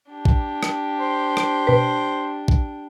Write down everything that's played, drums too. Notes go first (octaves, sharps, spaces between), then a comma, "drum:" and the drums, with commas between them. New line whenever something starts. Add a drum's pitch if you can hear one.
D4 G4
drum: kick
drum: rim click
C5
drum: rim click
B2 B4
drum: kick